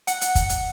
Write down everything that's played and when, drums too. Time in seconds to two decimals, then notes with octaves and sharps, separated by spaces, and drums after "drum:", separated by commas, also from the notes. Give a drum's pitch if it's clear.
0.07 F#5, drum: hi-hat
0.21 drum: hi-hat
0.35 drum: kick, hi-hat
0.49 drum: hi-hat